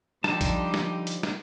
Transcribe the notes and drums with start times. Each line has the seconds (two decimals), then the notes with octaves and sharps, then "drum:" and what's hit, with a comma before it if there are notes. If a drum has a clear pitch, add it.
0.24 D3 F3 G3 D#4 G4 A5, drum: snare
0.41 drum: kick A1, hi-hat
0.74 drum: snare
1.07 drum: hi-hat
1.23 drum: snare